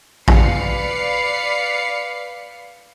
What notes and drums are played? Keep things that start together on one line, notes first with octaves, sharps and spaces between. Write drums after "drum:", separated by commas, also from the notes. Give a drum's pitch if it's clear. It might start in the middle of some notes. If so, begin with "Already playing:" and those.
B4 D5 F5 B5 C7 C#7, drum: kick A1